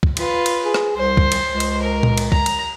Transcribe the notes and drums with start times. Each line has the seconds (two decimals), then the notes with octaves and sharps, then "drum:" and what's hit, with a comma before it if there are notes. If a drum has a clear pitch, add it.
0.03 drum: kick
0.17 F4 B4, drum: cymbal
0.46 drum: cymbal
0.64 G#4
0.74 drum: rim click
0.97 C2 C5
1.17 drum: kick
1.32 drum: cymbal
1.48 C#2
1.60 drum: cymbal
1.82 A#4
2.03 drum: tom A#2
2.18 drum: cymbal
2.32 A#5, drum: kick
2.46 drum: cymbal